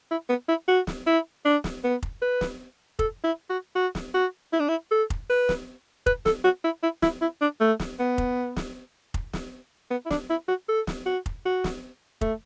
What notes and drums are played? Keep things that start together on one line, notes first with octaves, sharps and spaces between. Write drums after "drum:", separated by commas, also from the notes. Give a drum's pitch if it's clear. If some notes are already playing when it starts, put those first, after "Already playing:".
E4
B3
E4
F#4
drum: snare
E4
D4
drum: snare
B3
drum: kick F1
B4
drum: snare
A4, drum: kick F1
E4
F#4
F#4
drum: snare
F#4
E4
D4
E4
A4
drum: kick F1
B4
drum: snare
B4, drum: kick F1
A4, drum: snare
F#4
E4
E4
E4, drum: snare
E4
D4
A3
drum: snare
B3
drum: kick F1
drum: snare
drum: kick F1
drum: snare
B3
E4
D4, drum: snare
E4
F#4
A4
drum: snare
F#4
drum: kick F1
F#4
drum: snare
A3, drum: kick F1